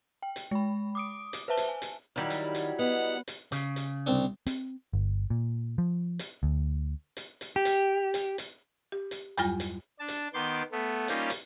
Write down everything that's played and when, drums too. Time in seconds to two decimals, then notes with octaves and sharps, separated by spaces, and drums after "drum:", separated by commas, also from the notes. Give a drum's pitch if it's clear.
0.23 G5
0.36 drum: hi-hat
0.51 G#3 B5
0.95 D6 D#6 D7
1.33 drum: hi-hat
1.48 B4 C5 E5 A5 G7
1.57 drum: hi-hat
1.69 G#5
1.82 drum: hi-hat
2.16 D#3 F#3 G3 E4 F5
2.30 drum: hi-hat
2.55 drum: hi-hat
2.79 B3 D#5 F#5
3.28 drum: hi-hat
3.52 C#3, drum: hi-hat
3.76 drum: hi-hat
4.07 C2 C4 D4
4.47 C4, drum: hi-hat
4.93 G1
5.30 A#2
5.78 F3
6.19 drum: hi-hat
6.43 D2
7.17 drum: hi-hat
7.41 drum: hi-hat
7.56 G4
7.65 drum: hi-hat
8.14 drum: hi-hat
8.38 drum: hi-hat
8.92 G4
9.11 drum: hi-hat
9.38 E2 G2 F#3 G3 F4 G#5, drum: hi-hat
9.60 drum: hi-hat
9.99 D4 A5
10.08 drum: hi-hat
10.34 D#3 B3 C6 D6 G6
10.72 A3 B3
11.08 G3 A#3 C#4 D#4 F4 G4, drum: hi-hat
11.30 drum: hi-hat